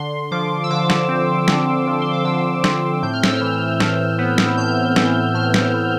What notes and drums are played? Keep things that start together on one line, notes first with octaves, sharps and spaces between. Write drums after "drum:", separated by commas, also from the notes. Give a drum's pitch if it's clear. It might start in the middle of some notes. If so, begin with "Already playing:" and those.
Already playing: D3 C6
F3 D6
E6
D3 D6
drum: snare
C4
D3, drum: snare
F3
C6
D6
D3 E6
C4, drum: snare
A2 G6
F6
E6, drum: snare
F6
E3
A2, drum: snare
B3
drum: snare
A2 G6
E3, drum: snare
A2 F6
drum: snare
B3